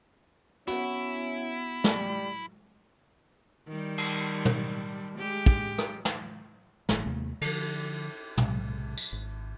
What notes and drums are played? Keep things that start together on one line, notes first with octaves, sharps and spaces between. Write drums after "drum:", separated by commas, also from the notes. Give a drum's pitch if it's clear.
B3 C#4 E4 F#4, drum: hi-hat
G3, drum: snare
D#3 G3
drum: cymbal
drum: tom
G#3 G4
drum: kick
drum: rim click
drum: snare
G1 A2 E3, drum: snare
D#2 C3 A#3
D3 F3, drum: cymbal
B1 A2 C3 G#3, drum: tom
drum: tambourine
G#1